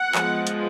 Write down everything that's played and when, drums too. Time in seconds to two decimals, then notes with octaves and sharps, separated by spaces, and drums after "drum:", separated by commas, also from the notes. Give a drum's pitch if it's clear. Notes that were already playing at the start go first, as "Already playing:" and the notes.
Already playing: F#5
0.15 F3 G#3 B3, drum: clap
0.47 drum: hi-hat